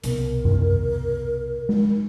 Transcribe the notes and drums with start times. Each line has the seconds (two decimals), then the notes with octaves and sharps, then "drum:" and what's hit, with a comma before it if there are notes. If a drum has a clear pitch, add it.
0.04 C2 B2 A#4, drum: hi-hat
0.45 drum: tom F#2
1.69 drum: tom G#3